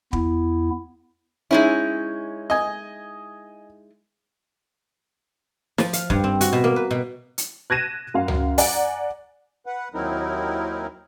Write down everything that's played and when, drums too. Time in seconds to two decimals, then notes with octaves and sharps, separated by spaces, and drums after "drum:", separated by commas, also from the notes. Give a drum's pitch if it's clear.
0.13 E2 B3 E4, drum: kick
1.51 G#3 C#4 D#4 E4
2.50 D#5 G#5
5.78 F3, drum: snare
5.93 F5, drum: hi-hat
6.10 G2, drum: kick
6.24 C4
6.41 F#4, drum: hi-hat
6.53 B2
6.64 A#3
6.76 B4
6.91 B2
7.38 drum: hi-hat
7.70 F#6 G#6 A#6 D#7 E7
8.14 F#2 F5
8.28 drum: tom C#2
8.58 D5 F#5 G#5 A#5, drum: open hi-hat
9.66 B4 F#5
9.94 D#2 F#3 C4 D#4 E4 A#4